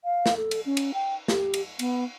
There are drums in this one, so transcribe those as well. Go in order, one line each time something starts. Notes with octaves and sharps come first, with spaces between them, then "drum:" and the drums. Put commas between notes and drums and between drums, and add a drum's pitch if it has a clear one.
F5
drum: snare
A4
drum: cymbal
C#4
drum: cymbal
G5
G4, drum: snare
drum: cymbal
B3, drum: cymbal